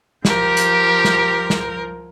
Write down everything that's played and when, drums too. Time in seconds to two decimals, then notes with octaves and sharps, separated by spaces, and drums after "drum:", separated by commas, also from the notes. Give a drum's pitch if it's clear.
0.25 F3 G4 A#4 G6, drum: snare
0.57 drum: hi-hat
1.05 drum: snare
1.50 drum: snare